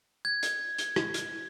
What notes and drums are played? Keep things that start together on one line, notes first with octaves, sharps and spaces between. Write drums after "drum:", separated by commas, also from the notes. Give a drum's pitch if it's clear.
G#6
drum: hi-hat
drum: hi-hat
drum: rim click
drum: hi-hat